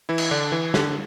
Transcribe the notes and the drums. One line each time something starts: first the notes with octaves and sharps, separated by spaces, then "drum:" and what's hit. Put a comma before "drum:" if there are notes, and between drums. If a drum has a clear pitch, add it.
E3 E4
drum: cymbal
D3 D4
E3
D3, drum: snare